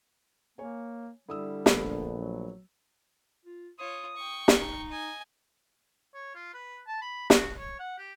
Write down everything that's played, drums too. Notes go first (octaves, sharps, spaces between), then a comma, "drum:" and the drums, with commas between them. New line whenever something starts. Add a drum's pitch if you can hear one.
A#3 C#5 G#5
D3 G3 E4 D#6 E6
A#1 A3 B3, drum: snare
F#3
F4
F4 C#5 D#6
G5 C#6
drum: snare
D#4
D#5 G#5
C#5
F4
B4
A5
B5
F#4, drum: snare
C#5
F#5
G4